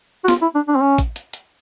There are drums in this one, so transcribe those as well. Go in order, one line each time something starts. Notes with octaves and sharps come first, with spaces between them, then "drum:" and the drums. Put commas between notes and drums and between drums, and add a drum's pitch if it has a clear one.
F#4
F4, drum: snare
E4
D4
D4
C4
C#4
drum: kick A1, hi-hat
drum: hi-hat
drum: hi-hat